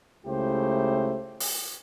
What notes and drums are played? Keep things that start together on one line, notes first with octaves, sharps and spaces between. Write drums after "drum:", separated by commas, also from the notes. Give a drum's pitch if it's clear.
C#2 C#3 A3 E4 G4 C5
drum: open hi-hat